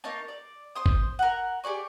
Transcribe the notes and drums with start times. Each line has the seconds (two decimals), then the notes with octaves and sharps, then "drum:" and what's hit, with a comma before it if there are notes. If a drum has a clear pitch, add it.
0.04 A#3 D#4 C#5 A5
0.28 D5
0.75 C5 C6 D#6
0.86 drum: kick
1.19 A#4 F#5
1.64 G4 G#4 D5 C#6